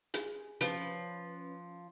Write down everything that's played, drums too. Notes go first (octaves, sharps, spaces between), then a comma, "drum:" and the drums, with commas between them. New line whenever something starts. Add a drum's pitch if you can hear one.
G#4 G#5, drum: hi-hat
F3 C#4 B4 C#5, drum: hi-hat